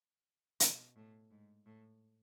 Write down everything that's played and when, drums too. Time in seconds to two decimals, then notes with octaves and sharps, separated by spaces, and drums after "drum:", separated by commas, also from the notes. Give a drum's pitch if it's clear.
0.60 B2, drum: hi-hat
0.96 A2
1.31 G#2
1.66 A2